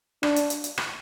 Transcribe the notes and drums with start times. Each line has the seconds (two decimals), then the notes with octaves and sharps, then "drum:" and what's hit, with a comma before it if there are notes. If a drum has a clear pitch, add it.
0.23 D4, drum: rim click
0.36 drum: hi-hat
0.50 drum: hi-hat
0.64 drum: hi-hat
0.78 drum: rim click